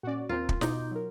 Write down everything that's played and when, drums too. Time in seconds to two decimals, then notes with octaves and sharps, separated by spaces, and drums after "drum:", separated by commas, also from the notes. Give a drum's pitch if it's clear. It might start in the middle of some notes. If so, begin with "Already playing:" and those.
0.03 A#2 C#4 F#4 D5
0.29 D#2 C4 F4 A#4
0.49 drum: kick
0.61 B2 D#4 D6 G6, drum: snare
0.91 F#3 A#4